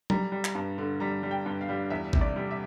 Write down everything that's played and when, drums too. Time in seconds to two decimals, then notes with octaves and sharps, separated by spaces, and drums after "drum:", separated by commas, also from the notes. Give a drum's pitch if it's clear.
0.10 G3 A#5, drum: tom F#3
0.32 G3
0.45 drum: clap
0.55 G2
0.78 D3
1.00 G3 A#5
1.23 G3
1.31 G5
1.46 G2
1.61 F5
1.69 G3
1.90 E2 E5
2.13 C3, drum: kick G#1
2.21 D5
2.36 G3
2.51 E5